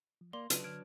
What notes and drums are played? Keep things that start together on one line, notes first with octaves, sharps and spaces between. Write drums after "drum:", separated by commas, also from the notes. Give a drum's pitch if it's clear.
F3
A#3 D5 C6
C#3 F#3 D4 B4 D#7, drum: hi-hat
D3 F6 G#6 D7